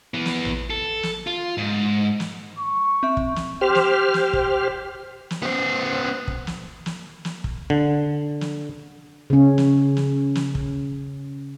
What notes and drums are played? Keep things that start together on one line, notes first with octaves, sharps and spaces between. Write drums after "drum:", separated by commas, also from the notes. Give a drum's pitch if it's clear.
E3 B3
drum: snare
drum: tom A1
A4
drum: snare
F4
G#2
drum: snare
C#6
C4 E5
drum: kick
drum: snare
G4 C5 F6
drum: snare
drum: snare
drum: kick
drum: snare
B3 C5
drum: kick
drum: snare
drum: snare
drum: snare
drum: kick
D3
drum: snare
C#3 C#4
drum: snare
drum: snare
drum: snare
drum: kick